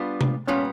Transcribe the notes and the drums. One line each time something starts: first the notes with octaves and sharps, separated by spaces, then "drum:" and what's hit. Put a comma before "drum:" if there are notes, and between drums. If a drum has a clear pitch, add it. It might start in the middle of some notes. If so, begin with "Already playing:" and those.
Already playing: G3 B3 D4 F4
drum: tom C3
A#2 G3 B3 C#4